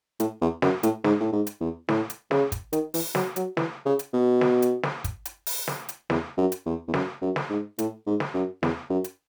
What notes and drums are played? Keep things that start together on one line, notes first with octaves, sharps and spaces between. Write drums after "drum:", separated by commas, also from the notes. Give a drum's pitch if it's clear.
A2, drum: hi-hat
E2
F#2, drum: snare
A2, drum: hi-hat
G#2, drum: snare
A2
G#2
drum: hi-hat
E2
A2, drum: snare
drum: hi-hat
C#3, drum: snare
drum: kick, hi-hat
D#3, drum: hi-hat
E3, drum: open hi-hat
F#3, drum: snare
F#3, drum: hi-hat
E3, drum: snare
C#3
drum: hi-hat
B2
drum: snare
drum: hi-hat
drum: snare
drum: kick, hi-hat
drum: hi-hat
drum: open hi-hat
drum: snare
drum: hi-hat
E2, drum: snare
F#2
drum: hi-hat
E2
E2
F#2, drum: snare
F#2
drum: snare
G#2
A2, drum: hi-hat
G#2
drum: snare
F#2
E2, drum: snare
F#2
drum: hi-hat